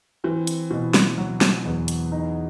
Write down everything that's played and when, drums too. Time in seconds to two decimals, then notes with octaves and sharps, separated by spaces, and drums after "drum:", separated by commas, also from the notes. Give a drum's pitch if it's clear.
0.24 E3 C4
0.47 drum: hi-hat
0.71 B2 E3
0.94 drum: snare
1.18 F#3
1.41 drum: snare
1.65 E2
1.88 drum: hi-hat
2.12 D#4